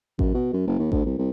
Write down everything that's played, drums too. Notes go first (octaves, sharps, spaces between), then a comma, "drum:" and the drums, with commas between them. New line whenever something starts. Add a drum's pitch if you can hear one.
F#2, drum: kick A1
B2
F#2
F#1
D#2
D2, drum: kick A1
C2
C2